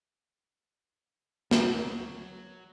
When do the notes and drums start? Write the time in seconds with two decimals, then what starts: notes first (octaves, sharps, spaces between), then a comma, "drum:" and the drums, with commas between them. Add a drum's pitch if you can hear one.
1.51 F#3, drum: snare